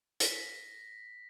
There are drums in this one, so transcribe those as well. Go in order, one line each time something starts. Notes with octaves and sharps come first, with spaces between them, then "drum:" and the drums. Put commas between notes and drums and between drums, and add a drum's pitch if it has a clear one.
A#6 B6, drum: hi-hat